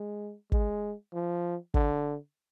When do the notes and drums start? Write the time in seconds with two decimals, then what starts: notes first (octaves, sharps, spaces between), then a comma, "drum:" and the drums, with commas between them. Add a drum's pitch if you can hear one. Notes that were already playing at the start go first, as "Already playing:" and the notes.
Already playing: G#3
0.52 G#3, drum: kick
1.14 F3
1.74 D3, drum: kick